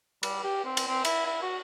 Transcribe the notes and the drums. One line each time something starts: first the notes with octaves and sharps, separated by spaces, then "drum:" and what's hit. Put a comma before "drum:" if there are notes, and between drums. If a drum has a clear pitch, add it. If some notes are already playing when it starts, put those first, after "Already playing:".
G3, drum: cymbal
G4
C4
drum: cymbal
C4
E4, drum: cymbal
E4
F#4